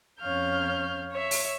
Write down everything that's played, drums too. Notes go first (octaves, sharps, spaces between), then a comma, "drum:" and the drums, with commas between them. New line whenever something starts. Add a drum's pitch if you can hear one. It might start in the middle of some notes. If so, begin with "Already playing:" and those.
F2 C#4 C#5 F5 F6 G6
C#5 E5
drum: open hi-hat